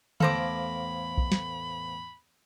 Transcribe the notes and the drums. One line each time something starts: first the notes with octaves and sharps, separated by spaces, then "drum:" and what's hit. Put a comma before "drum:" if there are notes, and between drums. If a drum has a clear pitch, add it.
E2 A2 A4 C5 F5 A#5 B5 D6, drum: tom D3
drum: kick B1
drum: snare